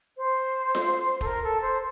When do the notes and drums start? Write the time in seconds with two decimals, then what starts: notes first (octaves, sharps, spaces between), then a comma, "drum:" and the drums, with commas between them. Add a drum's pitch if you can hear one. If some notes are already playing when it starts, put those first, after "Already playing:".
0.17 C5
0.75 drum: snare F4
1.21 A4, drum: kick
1.25 A#4
1.43 A4
1.61 C5